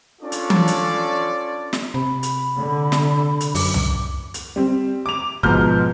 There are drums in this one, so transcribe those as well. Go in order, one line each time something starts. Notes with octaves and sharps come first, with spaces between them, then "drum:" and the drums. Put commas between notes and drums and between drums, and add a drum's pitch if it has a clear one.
C#4 D4 F4 A4 C#5 D5
drum: hi-hat
drum: tom
drum: hi-hat
drum: snare
C3 B5
drum: hi-hat
D3
drum: snare
drum: hi-hat
F#2 D6, drum: open hi-hat
drum: tom C2
drum: hi-hat
G3 C4
D6 F7
G#2 B2 F3 A#5 F6 G6, drum: kick